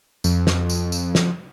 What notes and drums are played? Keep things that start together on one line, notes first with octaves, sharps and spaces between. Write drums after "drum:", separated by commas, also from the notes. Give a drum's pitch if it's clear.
F2, drum: tambourine
drum: snare
drum: tambourine
drum: tambourine
drum: snare